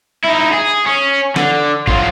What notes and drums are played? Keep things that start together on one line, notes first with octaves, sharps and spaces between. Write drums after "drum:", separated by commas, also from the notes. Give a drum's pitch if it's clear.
D#4 E4
G#4
C#4
D3, drum: snare
F#3 F4, drum: kick G#1